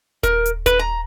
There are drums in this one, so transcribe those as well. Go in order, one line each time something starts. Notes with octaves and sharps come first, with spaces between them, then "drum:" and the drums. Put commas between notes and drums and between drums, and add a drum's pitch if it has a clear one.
A#4, drum: kick D#1, hi-hat
drum: hi-hat
B4, drum: kick D#1, hi-hat
A#5